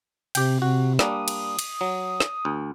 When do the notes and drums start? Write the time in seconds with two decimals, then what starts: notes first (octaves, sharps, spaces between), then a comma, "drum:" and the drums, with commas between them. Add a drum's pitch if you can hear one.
0.35 C3 G4 G5, drum: cymbal
0.62 C3 F#4
0.99 G3 A#3 D4 D#6, drum: snare
1.28 drum: cymbal
1.59 drum: cymbal
1.81 F#3
2.20 drum: snare
2.45 D2